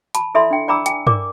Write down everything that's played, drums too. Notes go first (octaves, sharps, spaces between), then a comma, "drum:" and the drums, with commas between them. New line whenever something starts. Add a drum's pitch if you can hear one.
A5 B5, drum: hi-hat
E4 A4 D5 E5 B5 C6
D4 G5
D5 G5 A#5 B5 D6 E6
G5 G#5, drum: hi-hat
A#4 D5 D6, drum: tom G2